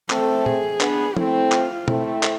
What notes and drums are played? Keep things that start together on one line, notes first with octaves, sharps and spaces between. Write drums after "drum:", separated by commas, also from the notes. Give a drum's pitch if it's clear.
A3 C4 A4, drum: clap
G#4, drum: tom A#2
B3 D4, drum: clap
A3 C4 E4, drum: tom F3
F4, drum: clap
A3 C4 E4, drum: tom
drum: clap